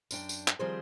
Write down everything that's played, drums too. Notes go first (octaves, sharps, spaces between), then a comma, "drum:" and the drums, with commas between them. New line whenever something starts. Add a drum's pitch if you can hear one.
F#2 D4 G5, drum: tambourine
drum: tambourine
drum: clap
D#3 F3 G3 C4 G#4 C5